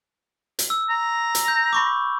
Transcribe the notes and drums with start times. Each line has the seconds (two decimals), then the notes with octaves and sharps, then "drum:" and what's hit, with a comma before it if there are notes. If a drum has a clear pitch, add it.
0.59 drum: hi-hat
0.70 E6
0.90 A#5
1.35 drum: hi-hat
1.48 G6
1.73 B5 C#6 D6